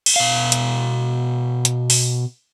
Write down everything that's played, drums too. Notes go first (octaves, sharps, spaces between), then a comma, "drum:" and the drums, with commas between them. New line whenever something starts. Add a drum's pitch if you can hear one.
drum: cymbal
B2 F5
drum: hi-hat
drum: hi-hat
drum: open hi-hat